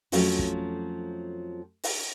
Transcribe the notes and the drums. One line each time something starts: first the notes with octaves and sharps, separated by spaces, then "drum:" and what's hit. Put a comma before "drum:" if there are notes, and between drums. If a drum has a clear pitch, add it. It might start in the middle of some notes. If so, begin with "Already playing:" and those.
F2 F3 F#3 A3 C#4, drum: open hi-hat
drum: kick
drum: open hi-hat